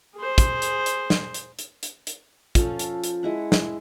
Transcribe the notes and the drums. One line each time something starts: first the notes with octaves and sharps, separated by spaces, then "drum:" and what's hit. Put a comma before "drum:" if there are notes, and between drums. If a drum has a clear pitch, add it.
G#4 C5
drum: kick, hi-hat
drum: hi-hat
drum: hi-hat
drum: snare
drum: hi-hat
drum: hi-hat
drum: hi-hat
drum: hi-hat
F3 C#4 F4 A4, drum: kick, hi-hat
drum: hi-hat
drum: hi-hat
G#3 E4 F#5
drum: snare